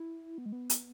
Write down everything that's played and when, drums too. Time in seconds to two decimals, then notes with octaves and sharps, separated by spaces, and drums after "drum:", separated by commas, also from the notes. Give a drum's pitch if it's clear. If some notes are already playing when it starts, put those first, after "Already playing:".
Already playing: E4
0.38 B3
0.46 G#3
0.52 B3
0.70 drum: hi-hat